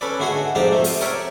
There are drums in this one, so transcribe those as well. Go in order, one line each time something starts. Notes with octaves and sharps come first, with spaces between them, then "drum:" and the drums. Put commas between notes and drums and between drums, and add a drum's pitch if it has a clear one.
C#4 A4 B4 D5
D3 A3 F#4 G#4 D#5
F2 G#2 G4 D5 G5 A#5
C3 A3
drum: open hi-hat
A#4 C#5 D5 E5 G5